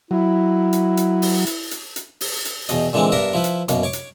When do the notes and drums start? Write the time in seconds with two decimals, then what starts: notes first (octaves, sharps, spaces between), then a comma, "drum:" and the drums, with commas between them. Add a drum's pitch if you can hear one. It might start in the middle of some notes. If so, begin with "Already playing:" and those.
0.11 F#3 E4
0.73 drum: hi-hat
0.97 drum: hi-hat
1.22 drum: open hi-hat
1.47 drum: hi-hat
1.71 drum: hi-hat
1.96 drum: hi-hat
2.21 drum: open hi-hat
2.45 drum: hi-hat
2.69 E2 B2 D#5, drum: hi-hat
2.93 A#2 D3 E3 G#3 C4
3.12 G2 B3 D4 A#4 E5 A#5
3.33 F3 E4 B4
3.44 drum: hi-hat
3.69 F#2 B2 A#3, drum: hi-hat
3.83 C#5 C#6 D6
3.93 drum: hi-hat